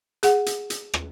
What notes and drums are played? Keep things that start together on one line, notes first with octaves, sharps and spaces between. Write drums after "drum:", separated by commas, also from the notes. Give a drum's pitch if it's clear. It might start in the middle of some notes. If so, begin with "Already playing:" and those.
G#4 F#5, drum: hi-hat
drum: hi-hat
drum: hi-hat
drum: rim click